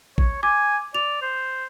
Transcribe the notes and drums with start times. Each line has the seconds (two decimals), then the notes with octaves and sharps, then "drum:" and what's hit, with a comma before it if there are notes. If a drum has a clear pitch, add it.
0.18 C#5, drum: kick A1
0.43 G#5 D6
0.94 D5 F7
1.22 C5